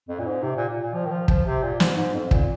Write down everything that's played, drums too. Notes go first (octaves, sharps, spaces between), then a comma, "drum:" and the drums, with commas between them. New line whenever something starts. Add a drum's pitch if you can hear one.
F2
A#2
G#2
C3
A#2
A#2
A#2
F3
D#3
F3
F3, drum: kick
C3
A#2
G#2, drum: snare
G#2
F2
A#2, drum: kick